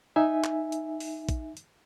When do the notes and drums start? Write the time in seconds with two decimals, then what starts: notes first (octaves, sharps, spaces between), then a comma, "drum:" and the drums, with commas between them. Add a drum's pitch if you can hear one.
0.16 D#4 E5 G#5
0.44 drum: clap
0.72 drum: hi-hat
1.00 drum: open hi-hat
1.29 drum: kick, hi-hat
1.57 drum: hi-hat